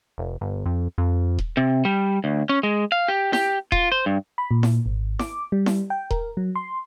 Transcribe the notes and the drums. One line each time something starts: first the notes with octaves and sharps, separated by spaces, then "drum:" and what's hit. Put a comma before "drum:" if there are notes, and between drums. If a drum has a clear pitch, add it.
F1
G1
F2
F2
drum: kick D#1
C3
G3
D2
C#4
G#3
F5
G4
G4, drum: snare E4
F4, drum: kick D#1
C5
G2
B5
A#2
drum: snare E4
G#1
D6, drum: snare E4
G3
drum: snare E4
G5
A#4, drum: kick D#1
F#3
C6